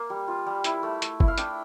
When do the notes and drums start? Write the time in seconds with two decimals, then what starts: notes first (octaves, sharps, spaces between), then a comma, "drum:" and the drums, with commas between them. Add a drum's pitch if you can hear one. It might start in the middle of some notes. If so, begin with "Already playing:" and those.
Already playing: A#3 F5
0.10 G3
0.28 F4
0.46 G3
0.64 E4, drum: hi-hat
0.83 A3
1.02 A3, drum: hi-hat
1.20 E4, drum: kick
1.28 F5
1.38 D4 G5, drum: hi-hat